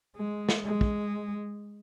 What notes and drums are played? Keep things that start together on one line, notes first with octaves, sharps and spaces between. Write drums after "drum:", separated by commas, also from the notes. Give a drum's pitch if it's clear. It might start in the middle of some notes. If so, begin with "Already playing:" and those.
G#3
drum: snare
G#3
drum: kick